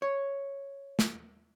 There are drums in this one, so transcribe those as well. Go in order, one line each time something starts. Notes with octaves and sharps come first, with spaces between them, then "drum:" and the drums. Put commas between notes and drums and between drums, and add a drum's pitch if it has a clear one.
C#5
drum: snare